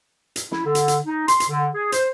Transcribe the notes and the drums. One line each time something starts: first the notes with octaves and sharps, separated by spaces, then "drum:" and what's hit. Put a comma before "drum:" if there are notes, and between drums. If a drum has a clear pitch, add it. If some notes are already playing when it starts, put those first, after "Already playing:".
drum: hi-hat
E4, drum: snare
D3
drum: hi-hat
drum: hi-hat
D#4
C6, drum: hi-hat
drum: hi-hat
D3
G#4
C5, drum: hi-hat